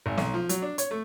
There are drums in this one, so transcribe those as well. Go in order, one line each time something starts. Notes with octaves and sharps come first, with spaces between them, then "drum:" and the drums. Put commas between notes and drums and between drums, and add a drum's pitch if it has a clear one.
G#1
B1, drum: snare
F3
F#3, drum: hi-hat
D4
C#5, drum: hi-hat
A3